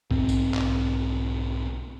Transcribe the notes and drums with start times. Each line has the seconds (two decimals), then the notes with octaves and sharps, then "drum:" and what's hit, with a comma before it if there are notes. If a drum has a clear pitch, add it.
0.11 B1 G#2 C4, drum: kick
0.29 drum: tambourine
0.54 drum: clap